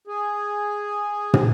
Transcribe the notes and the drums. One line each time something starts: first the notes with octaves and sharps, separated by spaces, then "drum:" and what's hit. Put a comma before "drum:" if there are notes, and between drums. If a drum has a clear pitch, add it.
G#4
drum: tom